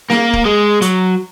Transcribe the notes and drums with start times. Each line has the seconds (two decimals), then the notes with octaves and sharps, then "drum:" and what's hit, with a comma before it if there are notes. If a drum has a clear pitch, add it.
0.10 A#3, drum: snare
0.33 drum: kick
0.45 G#3
0.82 F#3, drum: hi-hat